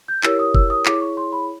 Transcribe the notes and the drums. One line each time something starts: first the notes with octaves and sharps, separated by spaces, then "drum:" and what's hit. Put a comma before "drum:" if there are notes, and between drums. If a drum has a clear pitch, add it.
G6
E4 G4 A#4 C#5 E6, drum: clap
D#6
E6, drum: kick
D#6
E4 G#4 C#5 D6, drum: clap
C#6
C6
B5